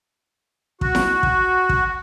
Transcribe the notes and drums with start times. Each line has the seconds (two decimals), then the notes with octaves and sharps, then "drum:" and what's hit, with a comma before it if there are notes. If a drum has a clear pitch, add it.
0.81 F#4, drum: kick
0.95 drum: snare E4
1.23 drum: kick
1.69 drum: kick